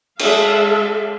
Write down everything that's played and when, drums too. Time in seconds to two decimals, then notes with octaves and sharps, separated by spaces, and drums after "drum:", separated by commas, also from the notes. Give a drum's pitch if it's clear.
0.19 G#3 A4 E5 F5, drum: cymbal